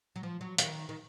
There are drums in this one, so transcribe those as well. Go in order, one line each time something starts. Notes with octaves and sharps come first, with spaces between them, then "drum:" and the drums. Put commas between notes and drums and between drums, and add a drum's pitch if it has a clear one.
F#3
F3
F#3
D#3, drum: hi-hat
D#3